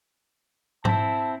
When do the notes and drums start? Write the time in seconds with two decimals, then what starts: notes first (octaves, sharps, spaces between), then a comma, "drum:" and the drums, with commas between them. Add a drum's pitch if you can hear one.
0.85 C4 E4 A5, drum: tom G#2